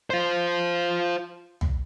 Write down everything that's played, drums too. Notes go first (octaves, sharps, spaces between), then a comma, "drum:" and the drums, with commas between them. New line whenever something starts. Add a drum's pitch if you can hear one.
F4 C5
drum: tom